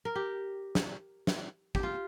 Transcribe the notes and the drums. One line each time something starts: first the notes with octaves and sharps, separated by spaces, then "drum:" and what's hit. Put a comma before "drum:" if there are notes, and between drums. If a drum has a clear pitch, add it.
A#4
G4
drum: snare
drum: snare
G4, drum: kick
F4